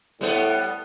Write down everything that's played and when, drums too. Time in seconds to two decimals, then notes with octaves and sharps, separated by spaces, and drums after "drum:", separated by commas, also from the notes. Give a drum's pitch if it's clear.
0.21 A2 G3 B3, drum: open hi-hat
0.64 drum: hi-hat